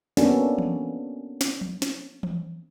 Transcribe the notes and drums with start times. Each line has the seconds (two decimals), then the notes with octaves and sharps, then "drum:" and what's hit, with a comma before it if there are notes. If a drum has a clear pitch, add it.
0.17 A#3 B3 C#4 D4 F#4 A4, drum: snare
0.58 drum: tom E3
1.41 drum: snare
1.61 drum: tom F3
1.82 drum: snare
2.23 drum: tom E3